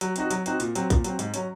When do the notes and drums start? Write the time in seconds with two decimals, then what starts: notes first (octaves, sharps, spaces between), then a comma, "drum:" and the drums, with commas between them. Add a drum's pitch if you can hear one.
0.01 F#3, drum: hi-hat
0.16 C4 D#4 F#4, drum: hi-hat
0.31 F#3, drum: hi-hat
0.46 C4 D#4 F#4, drum: hi-hat
0.60 A#2, drum: hi-hat
0.75 F#3 C4, drum: hi-hat
0.90 A#2, drum: kick A#1, hi-hat
1.04 F#3 C4, drum: hi-hat
1.19 G#2, drum: hi-hat
1.34 F#3 C#4, drum: hi-hat